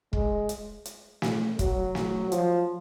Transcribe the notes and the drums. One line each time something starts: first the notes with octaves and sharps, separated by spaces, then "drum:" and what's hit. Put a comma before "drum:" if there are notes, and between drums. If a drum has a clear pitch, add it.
G#3, drum: kick
drum: hi-hat
drum: hi-hat
drum: snare
F#3, drum: kick, hi-hat
drum: snare
F3, drum: hi-hat